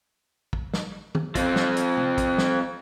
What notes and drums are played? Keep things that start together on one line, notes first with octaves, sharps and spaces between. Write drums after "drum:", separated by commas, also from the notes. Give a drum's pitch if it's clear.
drum: kick
drum: snare
drum: tom
F3 C4, drum: kick, hi-hat
drum: snare
drum: hi-hat
drum: tom
drum: kick, hi-hat
drum: snare